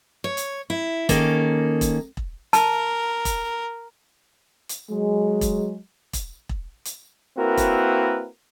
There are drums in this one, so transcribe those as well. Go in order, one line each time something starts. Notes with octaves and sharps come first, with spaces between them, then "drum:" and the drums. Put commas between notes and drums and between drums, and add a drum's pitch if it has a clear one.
C#5
drum: hi-hat
E4
D#3 A#3 C#4 G#4 A4, drum: kick E1, hi-hat
drum: kick E1, hi-hat
drum: kick E1
A#4 A5, drum: hi-hat
drum: kick E1, hi-hat
drum: hi-hat
F#3 G#3
drum: kick E1, hi-hat
drum: kick E1, hi-hat
drum: kick E1
drum: hi-hat
A#3 C4 E4 F#4 A#4 B4
drum: kick E1, hi-hat